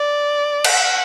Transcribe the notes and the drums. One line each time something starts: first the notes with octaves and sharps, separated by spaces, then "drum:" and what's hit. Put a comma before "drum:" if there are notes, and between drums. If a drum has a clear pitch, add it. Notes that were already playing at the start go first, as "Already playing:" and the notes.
Already playing: D5
F#5, drum: cymbal